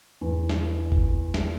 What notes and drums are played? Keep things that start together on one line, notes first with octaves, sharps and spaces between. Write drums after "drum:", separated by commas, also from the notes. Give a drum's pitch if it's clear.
E2
drum: snare
drum: kick G1
drum: snare